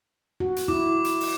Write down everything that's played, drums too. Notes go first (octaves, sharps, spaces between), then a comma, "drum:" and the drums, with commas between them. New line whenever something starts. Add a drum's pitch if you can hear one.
F#4
drum: hi-hat
E4 D6
drum: hi-hat
drum: open hi-hat